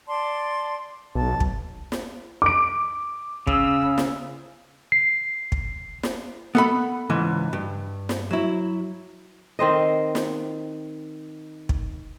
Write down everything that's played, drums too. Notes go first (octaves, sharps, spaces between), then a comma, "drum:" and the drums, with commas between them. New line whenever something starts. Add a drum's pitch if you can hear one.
D5 A5 C6
B1 A5
drum: kick
drum: snare
D6 D7
C#3 E6, drum: kick
drum: snare
C7
drum: kick
drum: snare
B3 A4 B5
C#2 G#2 E3
G2
drum: snare
F#3 E4
D#3 C4 C5 D#5
drum: snare
drum: kick